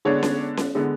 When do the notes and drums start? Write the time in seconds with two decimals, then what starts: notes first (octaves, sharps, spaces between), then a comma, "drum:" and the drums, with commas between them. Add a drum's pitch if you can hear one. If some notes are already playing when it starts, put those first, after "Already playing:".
0.05 D3 G#3 B3 D4 C#5
0.23 drum: snare C#4
0.57 drum: snare C#4
0.75 D3 G#3 B3